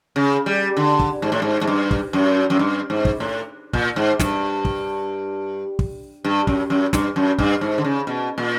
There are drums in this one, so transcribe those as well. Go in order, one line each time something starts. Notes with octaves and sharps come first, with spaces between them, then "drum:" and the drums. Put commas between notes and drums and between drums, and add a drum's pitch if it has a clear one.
C#3
G3
D3
drum: kick
G#2
A2
G#2
G#2
G2
drum: kick
F#2
F#2
G2
G#2
drum: kick
A2
A#2, drum: kick
G#2
G2, drum: snare
drum: kick
drum: kick
G2
F#2, drum: kick
F#2
G2, drum: snare
F#2
G2, drum: kick
G#2
D3
C#3
B2
A#2